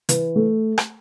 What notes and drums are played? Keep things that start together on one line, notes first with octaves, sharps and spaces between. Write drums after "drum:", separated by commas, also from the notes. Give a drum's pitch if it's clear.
E3, drum: hi-hat
A3
drum: rim click